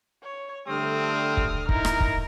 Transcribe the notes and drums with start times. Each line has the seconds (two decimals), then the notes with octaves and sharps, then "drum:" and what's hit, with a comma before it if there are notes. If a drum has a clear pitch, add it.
0.23 C#5
0.68 D3 G3 A3 C4 D#6 F6
1.37 drum: kick
1.69 D#4 E4 A#4, drum: kick
1.85 drum: rim click
2.00 drum: kick